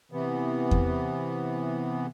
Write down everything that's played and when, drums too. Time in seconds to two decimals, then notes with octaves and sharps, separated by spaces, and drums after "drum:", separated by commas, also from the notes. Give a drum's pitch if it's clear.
0.12 C3 E3 B3
0.71 drum: kick E2